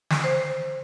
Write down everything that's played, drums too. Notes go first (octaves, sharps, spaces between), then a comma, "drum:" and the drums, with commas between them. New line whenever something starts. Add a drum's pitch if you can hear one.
drum: snare
C5